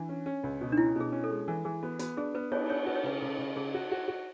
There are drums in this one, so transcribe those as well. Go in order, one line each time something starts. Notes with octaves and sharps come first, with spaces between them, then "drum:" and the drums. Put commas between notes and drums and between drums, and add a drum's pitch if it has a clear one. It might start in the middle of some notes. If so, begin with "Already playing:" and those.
Already playing: E3 D4
C#4
C#4
C#2
B2
D4
C#4 E4
B2 G#4
C#4
A4
G#3
E3
E3 G#4
B3 F#4
B3 F#4, drum: hi-hat
D4 G#4
B3 B4
B3 C#5, drum: cymbal
D4 C#5
F#4 B4
C#5
C#3 B4
C#3 A4
C#3
C#3 G#4
F#4
F#4
F#4